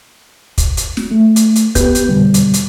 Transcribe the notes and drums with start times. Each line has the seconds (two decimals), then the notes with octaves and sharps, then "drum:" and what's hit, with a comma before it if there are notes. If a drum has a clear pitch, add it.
0.58 drum: kick, hi-hat
0.77 drum: hi-hat
0.97 drum: snare
1.11 A3
1.36 drum: hi-hat
1.56 drum: hi-hat
1.75 B3 G4 B4 G6, drum: kick, hi-hat
1.95 drum: hi-hat
2.09 F2 B2 D3 G3
2.34 drum: hi-hat
2.54 drum: hi-hat